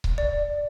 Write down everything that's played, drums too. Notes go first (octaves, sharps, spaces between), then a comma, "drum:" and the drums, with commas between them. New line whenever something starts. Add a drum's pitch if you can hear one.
drum: kick C#1
D5